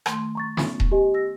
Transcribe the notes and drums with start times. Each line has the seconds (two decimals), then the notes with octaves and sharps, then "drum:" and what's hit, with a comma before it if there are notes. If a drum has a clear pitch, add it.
0.06 D#3 A3 C6, drum: rim click
0.35 A#5 C#6 A6
0.57 B3 C#4 F4, drum: snare
0.80 drum: kick D#1
0.92 G4 D#5 G#5
1.14 E6 A#6